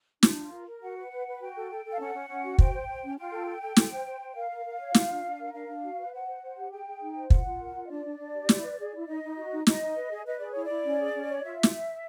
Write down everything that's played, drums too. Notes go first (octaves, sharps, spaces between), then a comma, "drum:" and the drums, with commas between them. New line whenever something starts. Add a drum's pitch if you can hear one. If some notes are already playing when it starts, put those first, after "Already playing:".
D4, drum: snare
F4
A#4
A#4
F#4 F#5
B4
B4
B4
F#4 G5
A4
A4
A4
F5
C#4 F#5
C#4
C#4
F#4
C5 G5, drum: kick
C5
C5
C#4
F4 G5
A4
A4
A4
A4, drum: snare
C5
C5
C5
A#4 F5
A#4
A#4
C#5
F4, drum: snare
D4
D4
A#4
D4 F5
D4
F#4
B4
C5 F#5
C5
C5
G4
G#4 G5
G#4
D#4
C5
F4 F#5, drum: kick
F4
A#4
F4
D#5
D4 D5
D4
D4
G4
E4, drum: snare
B4
G#4
E4
D#4 D#5
D#4
F#4
D#4
D#4 D#5, drum: snare
D#4
B4
G#4
B4 D#5
G#4 D5
E4 C#5
D5
E4
C#4
G#4
C#4
C#5
F4 E5
drum: snare